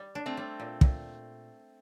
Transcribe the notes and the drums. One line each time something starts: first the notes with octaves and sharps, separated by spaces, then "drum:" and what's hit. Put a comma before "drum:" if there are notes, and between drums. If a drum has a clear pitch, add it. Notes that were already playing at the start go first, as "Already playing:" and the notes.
Already playing: G3
D4
A3 C4
G3
A#2
A#2, drum: kick